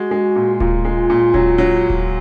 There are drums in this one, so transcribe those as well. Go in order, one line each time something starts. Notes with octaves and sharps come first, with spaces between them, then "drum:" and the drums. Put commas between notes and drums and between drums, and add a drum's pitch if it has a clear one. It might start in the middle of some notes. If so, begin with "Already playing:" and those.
Already playing: G#3 F#4
G#3
A#2
A#2 F4, drum: kick D1
G#3
A#2
F#3, drum: kick D1
F#3
drum: kick D1